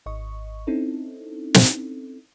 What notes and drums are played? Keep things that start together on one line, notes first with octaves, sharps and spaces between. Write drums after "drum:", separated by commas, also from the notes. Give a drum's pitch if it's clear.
G#1 D#5 C#6
C4 C#4 D#4 E4 A4
drum: snare